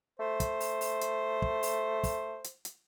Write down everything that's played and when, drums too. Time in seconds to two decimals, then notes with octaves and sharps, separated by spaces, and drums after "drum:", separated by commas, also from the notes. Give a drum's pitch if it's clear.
0.20 A3 C5
0.40 drum: kick, hi-hat
0.60 drum: open hi-hat
0.81 drum: open hi-hat
1.01 drum: hi-hat
1.42 drum: kick
1.63 drum: open hi-hat
2.03 drum: kick, open hi-hat
2.44 drum: hi-hat
2.65 drum: hi-hat